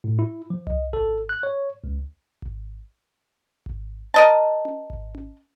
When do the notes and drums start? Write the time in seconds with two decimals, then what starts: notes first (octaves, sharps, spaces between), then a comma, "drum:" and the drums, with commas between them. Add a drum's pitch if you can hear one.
0.04 A2
0.19 E4
0.50 F3
0.67 D#5, drum: tom C2
0.93 A4, drum: kick G#1
1.29 F#6
1.43 C#5
1.84 C#2
2.42 drum: kick G#1
3.66 drum: kick G#1
4.14 A#4 D#5 A5
4.65 drum: tom C#4
4.90 drum: kick G#1
5.15 drum: tom C#4